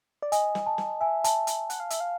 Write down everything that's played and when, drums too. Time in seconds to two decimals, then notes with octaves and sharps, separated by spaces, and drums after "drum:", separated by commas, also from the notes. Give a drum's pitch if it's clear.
0.22 D5
0.32 D#5 G#5, drum: hi-hat
0.55 drum: snare
0.66 A5
0.78 drum: snare
1.01 E5 G#5
1.24 A5, drum: hi-hat
1.47 drum: hi-hat
1.70 F#5, drum: hi-hat
1.80 F5
1.90 E5, drum: hi-hat
2.00 F5